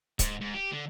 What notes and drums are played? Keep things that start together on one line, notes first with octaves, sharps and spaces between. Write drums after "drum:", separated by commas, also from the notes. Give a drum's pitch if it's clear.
G#2, drum: kick C#1, hi-hat
G#2
G4
D3